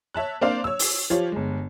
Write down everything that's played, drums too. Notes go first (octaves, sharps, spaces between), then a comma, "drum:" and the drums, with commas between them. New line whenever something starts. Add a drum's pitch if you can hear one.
C#5 E5 A5 F#6
A#3 C4 D4 C5 D5 F5
C#5 E6
drum: open hi-hat
F3 F4 G4 C#5
G1 G#3